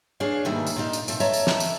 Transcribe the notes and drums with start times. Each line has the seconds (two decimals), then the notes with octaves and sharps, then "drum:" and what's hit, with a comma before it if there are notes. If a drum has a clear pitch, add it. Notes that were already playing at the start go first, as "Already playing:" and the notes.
0.20 D4 G#4 C#5 F5
0.45 G#2 B2 D#3 G3 A3 A#3
0.67 drum: tambourine
0.76 A#2 D4 D#4 F5
0.93 drum: tambourine
1.08 C3 F3 A3, drum: tambourine
1.20 A4 C#5 D#5 E5 A5 A#5, drum: tambourine
1.33 drum: tambourine
1.47 drum: snare
1.60 drum: tambourine